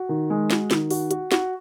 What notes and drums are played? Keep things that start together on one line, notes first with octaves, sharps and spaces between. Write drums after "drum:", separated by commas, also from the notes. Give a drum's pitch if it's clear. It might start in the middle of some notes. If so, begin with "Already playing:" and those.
Already playing: F#4
D#3
G#3
F#4, drum: snare
D#3, drum: snare
F#4, drum: open hi-hat
F#4, drum: hi-hat
F#4, drum: snare